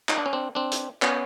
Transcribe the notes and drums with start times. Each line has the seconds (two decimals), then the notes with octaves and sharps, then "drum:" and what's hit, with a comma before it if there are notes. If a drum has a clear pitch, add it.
0.09 D#4, drum: clap
0.18 D4
0.26 C#4
0.33 C4 D4
0.55 C4 D4
0.71 drum: hi-hat
1.02 B3 C#4, drum: clap